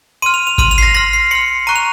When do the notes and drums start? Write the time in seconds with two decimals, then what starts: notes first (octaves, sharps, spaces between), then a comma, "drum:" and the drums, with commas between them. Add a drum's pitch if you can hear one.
0.22 C6 F6 D#7
0.34 F7
0.47 F7
0.58 C6 F6 D#7, drum: kick G#1
0.71 F7
0.78 C7
0.83 A#6
0.94 C6 F6 A#6
1.13 C7
1.31 C6 F6 C#7
1.67 A#5 C#6 F#6 D#7
1.76 F7